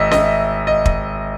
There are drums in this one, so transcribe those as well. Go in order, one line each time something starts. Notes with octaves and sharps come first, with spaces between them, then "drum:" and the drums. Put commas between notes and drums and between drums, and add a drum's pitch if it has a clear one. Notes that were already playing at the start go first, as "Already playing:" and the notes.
Already playing: G#1 D#5 E5
D#5, drum: snare C#4
D#5
drum: kick